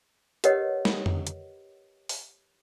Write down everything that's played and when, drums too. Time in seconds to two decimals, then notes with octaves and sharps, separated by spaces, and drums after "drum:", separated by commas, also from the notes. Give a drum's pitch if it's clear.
0.44 G4 A#4 B4 C#5 D#5 F#5, drum: hi-hat
0.85 drum: snare
1.06 drum: tom F2
1.27 drum: hi-hat
2.09 drum: open hi-hat